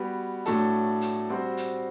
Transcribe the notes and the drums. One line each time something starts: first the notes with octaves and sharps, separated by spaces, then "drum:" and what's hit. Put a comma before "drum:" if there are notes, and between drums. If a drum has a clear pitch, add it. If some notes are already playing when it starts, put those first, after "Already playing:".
Already playing: G3 B3 F#4
A2 F#3 A3 D4 A4, drum: hi-hat
drum: hi-hat
G3 C4 F#4 C5
drum: hi-hat